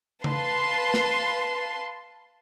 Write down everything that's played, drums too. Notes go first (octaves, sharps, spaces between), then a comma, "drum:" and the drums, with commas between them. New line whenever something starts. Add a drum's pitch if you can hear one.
B4 F5 A5 C6, drum: tom C#3
drum: snare